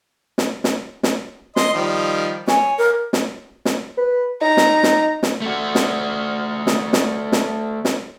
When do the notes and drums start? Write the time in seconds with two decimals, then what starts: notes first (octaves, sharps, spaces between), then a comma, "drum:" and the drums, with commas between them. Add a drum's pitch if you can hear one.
0.38 drum: snare
0.64 drum: snare
1.03 drum: snare
1.56 D#5 C6, drum: snare
1.74 D#3 F3 G3
2.48 C#5 G#5, drum: snare
2.78 A#4
3.13 drum: snare
3.65 drum: snare
3.98 B4
4.42 D#4 A#5
4.57 drum: snare
4.83 drum: snare
5.23 drum: snare
5.42 A3 F#4
5.75 drum: snare
6.67 drum: snare
6.93 drum: snare
7.32 drum: snare
7.85 drum: snare